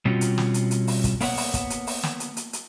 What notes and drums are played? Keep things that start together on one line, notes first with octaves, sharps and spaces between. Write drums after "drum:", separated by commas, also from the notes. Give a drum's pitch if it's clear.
B2 G3 C4 C#4 F4 F#4
drum: hi-hat
drum: snare
drum: hi-hat
drum: hi-hat
drum: open hi-hat
drum: kick, hi-hat
A#3 B3 C#5 F#5, drum: open hi-hat
drum: open hi-hat
drum: kick, hi-hat
drum: hi-hat
drum: open hi-hat
drum: snare
drum: hi-hat
drum: hi-hat
drum: hi-hat